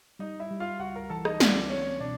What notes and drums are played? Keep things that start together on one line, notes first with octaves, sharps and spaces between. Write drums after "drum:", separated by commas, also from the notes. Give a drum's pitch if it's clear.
G3 D#4 D#5
E4 E5
G3
F4 F5
C#2 F#4 F#5
A#4 A#5
E3 A4 A5
D#4 D#5, drum: rim click
C#2 D4 D5, drum: snare
C4 C#4 C#5
B2 D4 D5